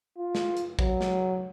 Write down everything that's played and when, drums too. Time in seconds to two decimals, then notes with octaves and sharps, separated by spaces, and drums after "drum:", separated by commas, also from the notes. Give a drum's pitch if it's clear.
0.18 F4
0.35 drum: snare
0.57 drum: hi-hat
0.79 F#3, drum: kick
1.01 drum: snare